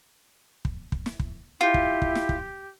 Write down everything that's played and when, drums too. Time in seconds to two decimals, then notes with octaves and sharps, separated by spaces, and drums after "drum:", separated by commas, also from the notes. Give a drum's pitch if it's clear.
0.65 drum: kick
0.92 drum: kick
1.06 drum: snare
1.20 drum: kick
1.61 E4 F4 G4
1.74 drum: kick
2.02 drum: kick
2.15 drum: snare
2.29 drum: kick